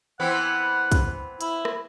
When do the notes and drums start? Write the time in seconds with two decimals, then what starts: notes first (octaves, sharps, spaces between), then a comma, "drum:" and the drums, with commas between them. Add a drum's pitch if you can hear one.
0.20 E3 B3 C4 F#5
0.92 drum: kick, hi-hat
1.41 E4, drum: hi-hat
1.65 drum: rim click